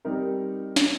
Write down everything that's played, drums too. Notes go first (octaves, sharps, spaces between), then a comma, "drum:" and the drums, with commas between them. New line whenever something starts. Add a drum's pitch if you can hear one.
G3 C4 D#4 A#4
drum: snare